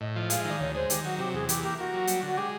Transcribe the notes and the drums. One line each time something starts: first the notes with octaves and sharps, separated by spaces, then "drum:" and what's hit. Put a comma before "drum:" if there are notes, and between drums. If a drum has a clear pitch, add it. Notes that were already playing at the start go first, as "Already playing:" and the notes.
A2 D#5
F3 D#5
G#3 F5, drum: hi-hat
E5
D#3
D5
D2 C#5
G#3 C5
D#3 G4, drum: hi-hat
F#3 F#4
C3 G4
E2 G#4
E3 G4, drum: hi-hat
A#3 G4
A#3 F#4
F#3
G3, drum: hi-hat
D3 F#4
G#3 G4